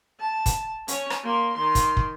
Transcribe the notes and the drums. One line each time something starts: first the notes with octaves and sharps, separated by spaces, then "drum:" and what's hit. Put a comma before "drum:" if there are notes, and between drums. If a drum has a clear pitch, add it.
A5
drum: kick, hi-hat
C#4 C#5, drum: hi-hat
drum: rim click
A#3 C6
D#3 C6
drum: kick, hi-hat
drum: kick